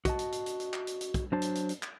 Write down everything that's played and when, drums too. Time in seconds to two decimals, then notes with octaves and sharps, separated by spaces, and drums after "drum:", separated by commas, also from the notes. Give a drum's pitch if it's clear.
0.05 F#4 D#5 A5, drum: kick, hi-hat
0.19 drum: hi-hat
0.32 drum: hi-hat
0.46 drum: hi-hat
0.60 drum: hi-hat
0.73 drum: clap
0.87 drum: hi-hat
1.01 drum: hi-hat
1.14 drum: kick, hi-hat
1.32 F#3 D4 C5 A5
1.42 drum: hi-hat
1.55 drum: hi-hat
1.69 drum: hi-hat
1.83 drum: clap